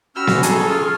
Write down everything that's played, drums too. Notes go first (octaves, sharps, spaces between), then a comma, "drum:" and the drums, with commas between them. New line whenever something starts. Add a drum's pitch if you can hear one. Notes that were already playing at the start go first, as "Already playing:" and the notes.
C#4 F#4 G5 B5 E6 F6
drum: snare B3
D#4 G#4 A4 A#5, drum: hi-hat
G#4 C#5
F4 C#5 F6